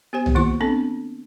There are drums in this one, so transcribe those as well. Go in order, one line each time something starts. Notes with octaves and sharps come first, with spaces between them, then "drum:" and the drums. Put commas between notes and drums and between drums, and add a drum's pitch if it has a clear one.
B3 G4 C5 G#5
drum: tom
D#3 A#3 E4 F4 C#6
B3 C4 D4 A4